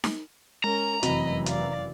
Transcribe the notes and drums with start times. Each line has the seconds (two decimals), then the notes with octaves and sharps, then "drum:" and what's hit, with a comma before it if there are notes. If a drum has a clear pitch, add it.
0.04 drum: snare D#4
0.64 G#3 C#4 A#4 A#5
1.03 F1 F#2 C3 E3 C4 F#4 D#5 B5, drum: hi-hat
1.46 D5 F5, drum: hi-hat